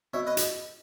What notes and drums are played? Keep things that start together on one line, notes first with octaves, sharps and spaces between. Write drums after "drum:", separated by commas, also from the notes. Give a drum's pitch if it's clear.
B2 C#5 E5
B4 D#5
drum: hi-hat